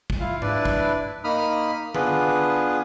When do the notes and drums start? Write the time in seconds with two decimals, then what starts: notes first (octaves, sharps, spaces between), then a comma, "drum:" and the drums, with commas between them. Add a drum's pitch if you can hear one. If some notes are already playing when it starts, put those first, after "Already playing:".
0.10 drum: kick
0.20 E4 F4 F5
0.42 D4 E4 B4 D5, drum: tom G#2
0.65 drum: kick
1.24 A#3 D#4 B5 D#6 F6
1.95 B3 D4 F4 G#4 B4, drum: tom D3